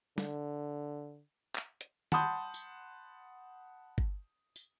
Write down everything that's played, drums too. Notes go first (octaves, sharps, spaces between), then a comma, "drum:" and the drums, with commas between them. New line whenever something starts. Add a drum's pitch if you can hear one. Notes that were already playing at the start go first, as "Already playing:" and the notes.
D3, drum: snare
drum: clap
drum: hi-hat
F#5 A5 B5 C6 D#6 G6, drum: tom
drum: tambourine
drum: kick G1
drum: tambourine